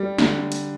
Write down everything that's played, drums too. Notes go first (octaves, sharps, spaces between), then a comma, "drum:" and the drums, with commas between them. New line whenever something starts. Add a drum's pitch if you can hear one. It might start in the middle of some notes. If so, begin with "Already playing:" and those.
Already playing: G3
D3, drum: snare
drum: hi-hat